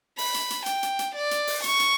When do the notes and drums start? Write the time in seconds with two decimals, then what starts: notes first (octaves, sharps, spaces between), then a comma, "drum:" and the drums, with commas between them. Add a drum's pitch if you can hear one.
0.18 B5, drum: open hi-hat
0.34 drum: hi-hat
0.50 drum: hi-hat
0.66 G5, drum: hi-hat
0.83 drum: hi-hat
0.99 drum: hi-hat
1.15 D5
1.31 drum: hi-hat
1.47 drum: open hi-hat
1.64 C#6, drum: hi-hat
1.80 drum: hi-hat